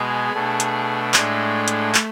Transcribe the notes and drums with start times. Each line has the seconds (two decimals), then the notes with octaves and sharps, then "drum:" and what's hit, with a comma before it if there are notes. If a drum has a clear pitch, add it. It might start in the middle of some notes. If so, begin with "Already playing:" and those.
Already playing: B2 G#3 B3 G#4
0.33 B2 A3 D4
0.60 drum: hi-hat
1.14 A2 G#3 A3 D4, drum: clap
1.68 drum: hi-hat
1.95 drum: clap